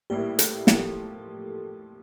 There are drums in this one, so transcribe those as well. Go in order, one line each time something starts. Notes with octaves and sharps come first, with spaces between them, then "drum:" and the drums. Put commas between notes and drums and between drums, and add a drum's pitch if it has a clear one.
A#1 A2 G3 A#3 E4 G4
A4, drum: hi-hat
A2 F3 A#3, drum: snare